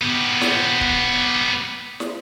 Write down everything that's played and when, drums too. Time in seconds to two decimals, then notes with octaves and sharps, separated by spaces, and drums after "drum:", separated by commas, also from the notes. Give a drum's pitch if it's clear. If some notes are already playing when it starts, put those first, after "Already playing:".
0.02 B3 G4
0.41 drum: snare
0.81 drum: kick
2.00 drum: snare